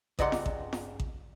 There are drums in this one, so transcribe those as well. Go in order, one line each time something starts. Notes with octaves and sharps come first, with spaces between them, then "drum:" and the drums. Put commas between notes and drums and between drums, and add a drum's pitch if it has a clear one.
C#2 G2 D#4 D5 F#5 C6, drum: kick A1
drum: snare F4
drum: kick A1
drum: snare F4
drum: kick A1